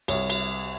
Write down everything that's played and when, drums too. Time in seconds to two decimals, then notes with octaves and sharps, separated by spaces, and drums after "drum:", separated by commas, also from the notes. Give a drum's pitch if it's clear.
0.08 C2 C#5, drum: cymbal
0.30 drum: cymbal